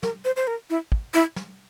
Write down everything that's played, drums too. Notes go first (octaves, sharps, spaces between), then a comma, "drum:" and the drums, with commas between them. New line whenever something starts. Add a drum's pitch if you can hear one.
A#4, drum: snare
C5
C5
A#4
E4
drum: kick
E4
drum: snare